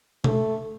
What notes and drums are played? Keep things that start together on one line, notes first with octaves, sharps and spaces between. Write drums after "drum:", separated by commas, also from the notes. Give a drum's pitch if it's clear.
A3, drum: tom B2